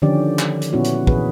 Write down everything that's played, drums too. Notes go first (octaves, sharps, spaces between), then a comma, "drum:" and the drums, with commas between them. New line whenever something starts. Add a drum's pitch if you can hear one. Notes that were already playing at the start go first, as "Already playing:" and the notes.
D3 D#3 F3 C#4 G4 D5
drum: clap
drum: hi-hat
A#2 B3 C#4 E4 F#4
drum: hi-hat
A#2 E3 G#4 B4, drum: kick